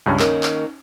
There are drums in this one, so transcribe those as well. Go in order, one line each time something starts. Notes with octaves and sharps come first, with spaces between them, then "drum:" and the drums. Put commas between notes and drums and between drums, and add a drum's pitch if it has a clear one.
C#2 G2 C#4
D#3 A#3 C#4, drum: clap
drum: clap